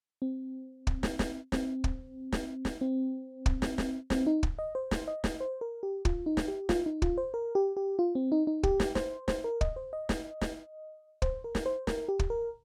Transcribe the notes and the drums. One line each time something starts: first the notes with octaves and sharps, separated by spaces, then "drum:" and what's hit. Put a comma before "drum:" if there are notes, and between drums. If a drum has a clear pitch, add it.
C4
drum: kick
drum: snare
drum: snare
C4, drum: snare
drum: kick
drum: snare
drum: snare
C4
drum: kick
drum: snare
drum: snare
C4, drum: snare
D#4
drum: kick
D#5
C5
drum: snare
D#5
drum: snare
C5
A#4
G4
F4, drum: kick
D#4
drum: snare
G4
F4, drum: snare
D#4
F4, drum: kick
C5
A#4
G4
G4
F4
C4
D#4
D#4
G4, drum: kick
drum: snare
C5, drum: snare
C5, drum: snare
A#4
D#5, drum: kick
C5
D#5
drum: snare
drum: snare
C5, drum: kick
A#4
drum: snare
C5
A#4, drum: snare
G4
drum: kick
A#4